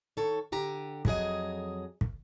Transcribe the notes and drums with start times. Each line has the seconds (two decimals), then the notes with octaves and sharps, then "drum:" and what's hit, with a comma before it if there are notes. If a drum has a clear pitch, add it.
0.17 D#3 A4 C#5
0.52 D3 G4 A#5
1.05 F2 F#3 G#4 D#5, drum: kick
2.01 drum: kick